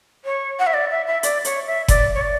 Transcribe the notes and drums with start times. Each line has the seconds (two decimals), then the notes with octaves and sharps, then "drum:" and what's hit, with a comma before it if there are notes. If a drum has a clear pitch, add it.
0.25 C#5
0.59 F#5
0.67 E5
0.74 D5
0.90 E5
1.07 E5
1.23 D5, drum: hi-hat
1.45 C#5, drum: hi-hat
1.67 E5
1.88 D5, drum: kick F#1, hi-hat
2.15 C#5
2.21 D5